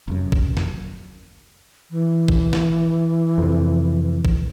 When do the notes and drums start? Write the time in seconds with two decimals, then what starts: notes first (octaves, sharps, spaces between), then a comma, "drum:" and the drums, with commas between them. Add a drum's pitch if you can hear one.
0.08 F1 F#2
0.32 drum: kick
0.57 drum: snare
1.91 E3
2.28 drum: kick
2.53 drum: snare
3.38 F2 C3
4.25 drum: kick